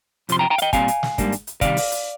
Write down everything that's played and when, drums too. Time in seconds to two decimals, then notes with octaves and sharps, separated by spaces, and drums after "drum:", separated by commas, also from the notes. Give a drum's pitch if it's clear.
0.29 F2 C3 F3 C6, drum: hi-hat
0.39 G5 A#5
0.50 G5 A#5
0.58 F5, drum: hi-hat
0.62 D#5 G5
0.73 A#2 G3 C4 F5 G#5, drum: kick, hi-hat
0.88 drum: hi-hat
1.03 drum: snare
1.18 G#2 G3 A#3 D4, drum: kick, hi-hat
1.32 drum: hi-hat
1.47 drum: hi-hat
1.61 C3 D#3 G3 D5 F5, drum: kick, hi-hat
1.77 drum: open hi-hat
1.91 drum: hi-hat